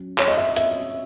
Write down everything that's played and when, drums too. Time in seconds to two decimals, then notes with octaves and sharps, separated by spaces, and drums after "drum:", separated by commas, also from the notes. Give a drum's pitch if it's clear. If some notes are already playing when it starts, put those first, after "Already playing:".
Already playing: F#3 C#4
0.18 C#5, drum: clap
0.28 D#5
0.37 E5
0.56 E5, drum: hi-hat